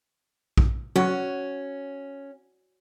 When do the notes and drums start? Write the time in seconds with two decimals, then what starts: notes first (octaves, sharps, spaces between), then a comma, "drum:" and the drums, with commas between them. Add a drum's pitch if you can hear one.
0.57 drum: kick A#1
0.96 C#4 F#4, drum: tom F#3